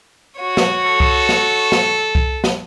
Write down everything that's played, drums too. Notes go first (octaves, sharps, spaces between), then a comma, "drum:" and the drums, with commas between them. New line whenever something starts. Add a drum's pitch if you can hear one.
F#4 C#5
drum: snare
A4
drum: kick C2
drum: snare
drum: snare
drum: kick C2
drum: snare